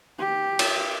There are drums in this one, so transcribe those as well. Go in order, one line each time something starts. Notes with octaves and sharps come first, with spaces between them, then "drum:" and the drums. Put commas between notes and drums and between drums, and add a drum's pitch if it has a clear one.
G4
drum: cymbal